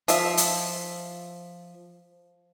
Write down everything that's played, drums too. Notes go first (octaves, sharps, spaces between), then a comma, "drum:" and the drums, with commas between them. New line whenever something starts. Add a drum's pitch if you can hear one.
F3 E5, drum: hi-hat
drum: hi-hat